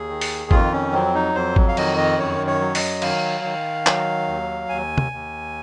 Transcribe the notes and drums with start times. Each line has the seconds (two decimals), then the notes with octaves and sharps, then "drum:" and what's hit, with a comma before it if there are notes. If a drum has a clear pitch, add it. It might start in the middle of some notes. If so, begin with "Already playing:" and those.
Already playing: D#2 G#4
0.09 D#3
0.21 drum: open hi-hat
0.51 F2 F4, drum: kick G#1
0.72 C#4
0.93 F#3 C4
1.14 D#4
1.35 F2 C5
1.56 drum: kick G#1
1.68 F5
1.77 D#3 D#5, drum: cymbal
1.97 D#5
2.18 F#2 C#5
2.47 C#5
2.61 F#3
2.75 D#5, drum: open hi-hat
3.02 D#3 F5, drum: cymbal
3.44 D#3
3.87 F#3, drum: clap
4.28 D#2
4.69 D#2 G#5
4.98 drum: tom
5.12 D#2